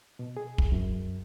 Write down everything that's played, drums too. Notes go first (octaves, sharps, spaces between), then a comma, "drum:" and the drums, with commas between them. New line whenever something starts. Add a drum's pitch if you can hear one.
B2
G#4
drum: kick
F#2